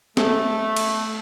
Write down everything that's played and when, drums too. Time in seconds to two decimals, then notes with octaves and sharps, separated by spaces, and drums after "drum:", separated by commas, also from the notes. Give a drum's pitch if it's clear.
0.17 A3, drum: snare
0.76 drum: cymbal